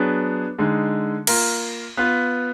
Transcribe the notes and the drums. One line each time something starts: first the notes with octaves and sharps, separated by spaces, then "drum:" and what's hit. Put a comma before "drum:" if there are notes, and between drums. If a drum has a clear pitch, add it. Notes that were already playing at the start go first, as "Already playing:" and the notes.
Already playing: F#3 B3 D4 G#4
D3 G#3 D#4
A#3 F4 A#4, drum: cymbal
B3 F4 B4